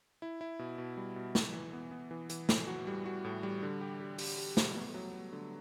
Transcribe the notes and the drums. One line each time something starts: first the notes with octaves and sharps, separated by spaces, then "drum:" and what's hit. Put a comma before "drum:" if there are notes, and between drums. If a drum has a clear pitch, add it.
E4
E4
B2
B2
G3
B2
E3, drum: snare
E3
B3
B3
E3
E3, drum: hi-hat
A2, drum: snare
F#4
G3
F#4
A2
G3
D3
G4
G4
G4, drum: open hi-hat
G4
A3, drum: snare
B3
F#3
B3
D3